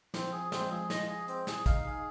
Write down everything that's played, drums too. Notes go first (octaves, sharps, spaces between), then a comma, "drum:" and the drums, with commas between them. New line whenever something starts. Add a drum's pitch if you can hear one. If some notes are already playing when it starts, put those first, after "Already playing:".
F3 C4, drum: snare
G#4
F3 C4, drum: snare
G#3
F3 G#4
G#3 D#5, drum: snare
F3
G#3 G#4
C4, drum: hi-hat
G#4, drum: snare
D#4 F5, drum: kick, hi-hat
G#4